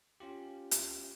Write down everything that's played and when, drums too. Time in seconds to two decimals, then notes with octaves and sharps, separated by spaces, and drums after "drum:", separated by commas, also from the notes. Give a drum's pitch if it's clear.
0.20 C#4 F4 G4
0.71 drum: hi-hat